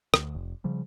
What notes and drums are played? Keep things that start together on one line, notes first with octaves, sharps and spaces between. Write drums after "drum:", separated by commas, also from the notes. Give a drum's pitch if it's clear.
D2, drum: rim click
F1
C#3 F3 G3